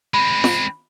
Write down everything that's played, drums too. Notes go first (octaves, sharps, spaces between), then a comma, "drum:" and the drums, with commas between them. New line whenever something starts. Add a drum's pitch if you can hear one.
G#3 C4 B5
drum: snare